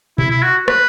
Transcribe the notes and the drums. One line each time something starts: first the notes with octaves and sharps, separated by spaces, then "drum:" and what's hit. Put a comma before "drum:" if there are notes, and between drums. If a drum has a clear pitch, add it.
E4, drum: tom B2
E4
F#4
B4, drum: rim click